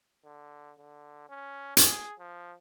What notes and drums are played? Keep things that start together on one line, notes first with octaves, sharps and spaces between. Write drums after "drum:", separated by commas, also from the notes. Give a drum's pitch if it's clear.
D3
D3
C#4
G#4, drum: hi-hat
F3